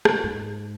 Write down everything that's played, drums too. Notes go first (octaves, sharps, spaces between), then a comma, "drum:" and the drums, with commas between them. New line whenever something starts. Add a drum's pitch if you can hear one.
drum: rim click
G#2